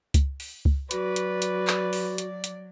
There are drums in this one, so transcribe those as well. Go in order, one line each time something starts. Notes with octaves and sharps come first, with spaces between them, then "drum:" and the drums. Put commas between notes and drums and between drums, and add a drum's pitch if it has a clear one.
drum: kick C#2, hi-hat
drum: open hi-hat
drum: kick C#2
F#3 F#4 B4 D5, drum: hi-hat
drum: hi-hat
drum: hi-hat
drum: clap
drum: open hi-hat
drum: hi-hat
drum: hi-hat